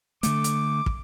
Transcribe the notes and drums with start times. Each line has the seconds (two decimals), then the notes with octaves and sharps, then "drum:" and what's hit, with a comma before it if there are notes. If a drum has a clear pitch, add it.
0.23 D3 A3 D6, drum: hi-hat
0.44 drum: hi-hat
0.86 drum: kick